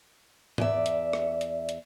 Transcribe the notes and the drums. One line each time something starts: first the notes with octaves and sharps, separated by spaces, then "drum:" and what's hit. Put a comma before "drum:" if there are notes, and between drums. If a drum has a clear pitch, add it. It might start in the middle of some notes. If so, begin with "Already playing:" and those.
E2 D5 E5, drum: tom G#2
drum: hi-hat
drum: rim click
drum: hi-hat
drum: hi-hat